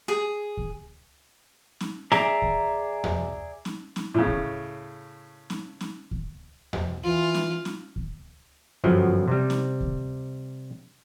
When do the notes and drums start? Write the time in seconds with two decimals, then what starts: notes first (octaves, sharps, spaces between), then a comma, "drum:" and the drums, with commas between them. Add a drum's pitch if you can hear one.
0.08 G#4
0.57 drum: kick D2
1.80 drum: snare C#4
2.12 G#4 D5 E5 A#5, drum: snare C#4
2.42 drum: kick D2
3.04 drum: tom D#2
3.65 drum: snare C#4
3.96 drum: snare C#4
4.14 A2 C#3
4.27 drum: kick D2
5.50 drum: snare C#4
5.81 drum: snare C#4
6.11 drum: kick D2
6.73 drum: tom D#2
7.04 E3 F4
7.34 drum: snare C#4
7.65 drum: snare C#4
7.96 drum: kick D2
8.84 G1 F#2 F3 F#3
9.28 C3 G3
9.50 drum: snare C#4
9.81 drum: kick D2